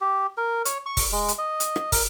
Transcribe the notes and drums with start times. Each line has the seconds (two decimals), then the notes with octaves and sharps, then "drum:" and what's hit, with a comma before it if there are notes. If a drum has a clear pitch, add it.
0.01 G4
0.37 A#4
0.65 C#5, drum: hi-hat
0.86 C#6
0.97 drum: kick, open hi-hat
1.12 G#3
1.28 drum: hi-hat
1.38 D#5
1.60 drum: hi-hat
1.76 drum: rim click
1.92 A#4, drum: kick, open hi-hat